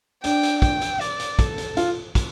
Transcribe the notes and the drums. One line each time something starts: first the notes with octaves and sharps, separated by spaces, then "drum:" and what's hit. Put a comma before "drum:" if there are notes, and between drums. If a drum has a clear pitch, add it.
D4 G5, drum: hi-hat
drum: hi-hat
G5, drum: kick, hi-hat
drum: hi-hat
D5, drum: hi-hat
drum: hi-hat
A4, drum: kick, hi-hat
drum: hi-hat
F4, drum: hi-hat
drum: kick, hi-hat